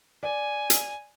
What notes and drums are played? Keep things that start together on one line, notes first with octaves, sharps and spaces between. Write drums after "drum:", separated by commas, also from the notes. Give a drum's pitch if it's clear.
D5 G#5
drum: hi-hat